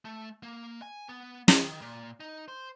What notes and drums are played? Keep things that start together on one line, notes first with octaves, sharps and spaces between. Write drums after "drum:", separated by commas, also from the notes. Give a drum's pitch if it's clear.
A3
A#3
G#5
B3
D#5, drum: snare
D#3
A#2
D#4
C5